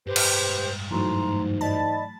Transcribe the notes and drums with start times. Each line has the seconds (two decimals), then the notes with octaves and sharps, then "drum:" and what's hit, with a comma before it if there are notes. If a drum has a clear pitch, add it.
0.07 G2 G#3 G4 B4 C5
0.16 drum: cymbal
0.91 G#2 E3 F#3 A3 A#5 C6
1.61 D5 D#5 A5 B5 A6